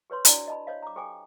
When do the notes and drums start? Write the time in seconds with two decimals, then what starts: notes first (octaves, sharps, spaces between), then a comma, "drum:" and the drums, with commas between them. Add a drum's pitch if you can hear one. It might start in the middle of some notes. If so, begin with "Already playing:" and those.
0.10 G4 B4 C#5 C6
0.25 D4 E4 F#4 D5, drum: hi-hat
0.48 D#5 A5 B5
0.67 C5 C#5 D#5 F5
0.83 A#5 D6
0.96 G4 A4 C5 G5 G#5 D6